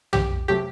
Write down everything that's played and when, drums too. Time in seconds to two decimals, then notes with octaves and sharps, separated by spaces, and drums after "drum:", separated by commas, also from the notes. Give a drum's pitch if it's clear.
0.13 G4, drum: tom
0.48 C3 F#3 A3 G4